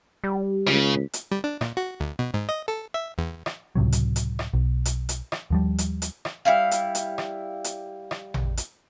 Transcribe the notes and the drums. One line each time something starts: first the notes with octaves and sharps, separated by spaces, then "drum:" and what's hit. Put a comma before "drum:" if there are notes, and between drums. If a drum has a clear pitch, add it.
G3
C#2 C#3, drum: rim click
drum: hi-hat
G3
D4
A#2, drum: rim click
F#4
D2
B2
G#2
D#5
A4
E5
E2
drum: rim click
C#2 A2 C3 F#3
drum: hi-hat
drum: hi-hat
drum: rim click
B1
drum: hi-hat
drum: hi-hat
drum: rim click
D#2 F3 G3
drum: hi-hat
drum: hi-hat
drum: rim click
G3 E4 F5
drum: hi-hat
drum: hi-hat
drum: rim click
drum: hi-hat
drum: rim click
drum: tom A1
drum: hi-hat